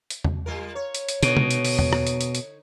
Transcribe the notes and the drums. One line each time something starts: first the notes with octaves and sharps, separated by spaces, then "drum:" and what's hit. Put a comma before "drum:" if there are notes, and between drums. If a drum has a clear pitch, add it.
drum: hi-hat
drum: tom E2
G3 F4 A#4
C#5
drum: hi-hat
drum: hi-hat
B2 D3 D#4 C#5, drum: hi-hat
drum: tom
drum: hi-hat
drum: open hi-hat
drum: tom E2
drum: rim click
drum: hi-hat
drum: hi-hat
drum: hi-hat